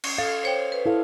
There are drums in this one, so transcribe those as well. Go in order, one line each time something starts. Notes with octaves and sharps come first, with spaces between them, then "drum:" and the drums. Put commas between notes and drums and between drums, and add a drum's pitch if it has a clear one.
C#4, drum: cymbal
A4 F5
C5 C#5 G5
B4
E4 A4 F5